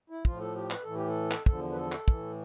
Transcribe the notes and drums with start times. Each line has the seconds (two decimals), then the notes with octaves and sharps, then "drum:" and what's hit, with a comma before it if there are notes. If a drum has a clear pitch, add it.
0.10 E4
0.25 A2 F3 F4, drum: kick
0.40 A4
0.55 G4
0.71 B4, drum: clap
0.82 A2 E3 A4
0.95 G4
1.07 A4
1.31 drum: clap
1.46 E2 D3 F3 A4, drum: kick
1.72 B4
1.77 A4
1.92 drum: clap
2.08 A2 E3, drum: kick